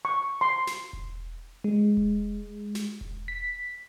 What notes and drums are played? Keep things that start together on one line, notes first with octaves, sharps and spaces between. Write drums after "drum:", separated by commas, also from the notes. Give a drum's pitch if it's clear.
C#6
C6
drum: snare
drum: kick E1
G#3
drum: kick E1
drum: snare
drum: kick E1
B6